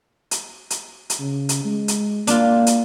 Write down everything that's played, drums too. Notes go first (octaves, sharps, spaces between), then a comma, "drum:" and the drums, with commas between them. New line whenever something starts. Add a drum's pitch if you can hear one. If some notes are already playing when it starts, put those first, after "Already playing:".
drum: hi-hat
drum: hi-hat
drum: hi-hat
C#3
drum: hi-hat
G#3
drum: hi-hat
A#3 D4 F4, drum: hi-hat
drum: hi-hat